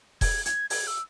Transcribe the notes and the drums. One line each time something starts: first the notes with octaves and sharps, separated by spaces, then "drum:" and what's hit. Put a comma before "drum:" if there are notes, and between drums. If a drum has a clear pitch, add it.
G#6, drum: kick E1, open hi-hat
G#6, drum: hi-hat
G#6, drum: open hi-hat
E6